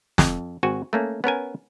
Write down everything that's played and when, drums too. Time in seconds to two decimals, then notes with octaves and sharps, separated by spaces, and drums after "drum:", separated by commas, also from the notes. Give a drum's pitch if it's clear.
0.18 F2, drum: snare
0.63 G#1 C4 F#4 G#5
0.93 A3 A#3 C#4
1.24 B3 C#4 A#4 G#5